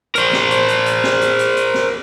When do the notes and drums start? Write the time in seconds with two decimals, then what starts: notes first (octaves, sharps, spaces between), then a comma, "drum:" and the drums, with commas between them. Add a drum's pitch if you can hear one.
0.15 A#4 C5, drum: hi-hat
0.33 drum: snare
0.51 drum: hi-hat
0.68 drum: hi-hat
0.86 drum: hi-hat
1.04 drum: snare
1.21 drum: hi-hat
1.39 drum: hi-hat
1.57 drum: hi-hat
1.74 drum: snare